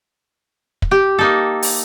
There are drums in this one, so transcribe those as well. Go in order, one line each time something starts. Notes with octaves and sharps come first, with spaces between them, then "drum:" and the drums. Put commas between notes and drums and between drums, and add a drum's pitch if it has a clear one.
drum: kick
G4
A#3 D#4 A4
drum: open hi-hat